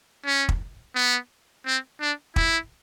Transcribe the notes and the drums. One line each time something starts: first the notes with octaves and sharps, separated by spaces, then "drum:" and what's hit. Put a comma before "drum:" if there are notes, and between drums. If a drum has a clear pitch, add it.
C#4
drum: kick
B3
C4
D4
E4, drum: kick